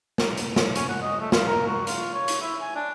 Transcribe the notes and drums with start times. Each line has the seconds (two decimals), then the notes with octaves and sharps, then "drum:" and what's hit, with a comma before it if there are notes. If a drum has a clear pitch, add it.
0.18 drum: snare
0.37 drum: hi-hat
0.56 drum: snare
0.75 C#4, drum: hi-hat
0.89 F#5
1.02 D#5
1.20 A3
1.32 F4, drum: snare
1.47 A#4
1.67 F#4
1.87 F4, drum: hi-hat
2.14 C#5
2.28 drum: hi-hat
2.41 E4
2.61 G#5
2.75 D4